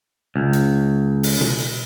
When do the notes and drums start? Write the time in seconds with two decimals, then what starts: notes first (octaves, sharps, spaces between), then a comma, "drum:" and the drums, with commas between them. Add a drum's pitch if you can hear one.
0.36 C#2
0.53 drum: hi-hat
1.23 drum: open hi-hat
1.41 drum: tom B2
1.58 drum: hi-hat